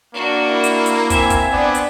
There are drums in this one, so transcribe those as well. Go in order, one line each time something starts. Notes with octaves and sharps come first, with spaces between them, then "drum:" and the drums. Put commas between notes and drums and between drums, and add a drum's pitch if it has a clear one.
A#3 D4 F#4 A#4
E4
drum: hi-hat
drum: hi-hat
C4 E5 G#5, drum: kick, hi-hat
drum: kick, hi-hat
B3 D4 D5
drum: hi-hat